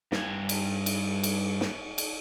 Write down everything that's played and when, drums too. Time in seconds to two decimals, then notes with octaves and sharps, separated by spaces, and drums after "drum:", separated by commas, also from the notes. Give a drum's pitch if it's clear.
0.12 G2 G#5, drum: snare
0.49 drum: cymbal
0.86 drum: cymbal
1.23 drum: cymbal
1.61 drum: snare
1.98 drum: cymbal